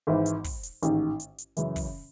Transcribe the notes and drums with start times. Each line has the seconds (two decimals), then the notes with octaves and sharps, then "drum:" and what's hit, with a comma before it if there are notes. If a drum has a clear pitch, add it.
0.07 G#1 G#2 E3
0.26 drum: hi-hat
0.44 drum: kick, open hi-hat
0.63 drum: hi-hat
0.83 A1 G#2 D#3, drum: hi-hat
1.20 drum: hi-hat
1.38 drum: hi-hat
1.57 F#2 C#3 E3, drum: hi-hat
1.76 drum: kick, open hi-hat